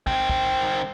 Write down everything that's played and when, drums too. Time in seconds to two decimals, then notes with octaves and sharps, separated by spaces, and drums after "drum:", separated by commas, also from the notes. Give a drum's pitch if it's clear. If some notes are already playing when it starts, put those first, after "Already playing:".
0.07 D#3 C4, drum: kick
0.29 drum: kick